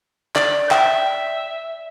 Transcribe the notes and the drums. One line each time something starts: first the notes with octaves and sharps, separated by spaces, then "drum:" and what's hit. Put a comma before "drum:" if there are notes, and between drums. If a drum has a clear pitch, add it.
D5, drum: clap
E5 G5, drum: clap